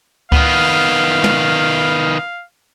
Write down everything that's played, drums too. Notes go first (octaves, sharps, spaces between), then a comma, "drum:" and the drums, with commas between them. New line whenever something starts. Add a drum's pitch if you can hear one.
D#3 B3 F5, drum: kick C#2
drum: tom